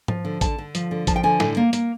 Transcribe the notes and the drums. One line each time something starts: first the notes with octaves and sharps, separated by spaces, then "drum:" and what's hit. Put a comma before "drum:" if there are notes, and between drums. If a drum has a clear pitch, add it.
F3, drum: tom
D3
D3 A5, drum: kick A1, hi-hat
D3
F3, drum: hi-hat
D3
F3 A5, drum: kick A1, hi-hat
G5
D3 G#5
A2, drum: snare
A#3
A#3, drum: hi-hat